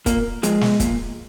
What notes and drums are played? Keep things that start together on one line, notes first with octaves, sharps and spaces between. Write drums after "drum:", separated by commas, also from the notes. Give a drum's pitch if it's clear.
A#2 A#3, drum: kick, hi-hat
F3 G#3, drum: hi-hat
drum: snare
A#2, drum: kick, hi-hat